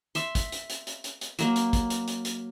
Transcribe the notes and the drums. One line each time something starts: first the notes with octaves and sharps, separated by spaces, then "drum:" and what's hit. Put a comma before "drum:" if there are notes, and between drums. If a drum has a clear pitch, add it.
E5 C6, drum: hi-hat
drum: kick, hi-hat
drum: hi-hat
drum: hi-hat
drum: hi-hat
drum: hi-hat
drum: hi-hat
F#3 A#3, drum: hi-hat
drum: hi-hat
drum: kick, hi-hat
drum: hi-hat
drum: hi-hat
drum: hi-hat